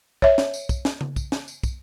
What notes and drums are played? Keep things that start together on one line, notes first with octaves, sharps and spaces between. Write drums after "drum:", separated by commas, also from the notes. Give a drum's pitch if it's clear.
C#5 E5, drum: kick
drum: snare
drum: tambourine
drum: kick, tambourine
drum: snare
drum: tom C#3
drum: kick, tambourine
drum: snare
drum: tambourine
drum: kick, tambourine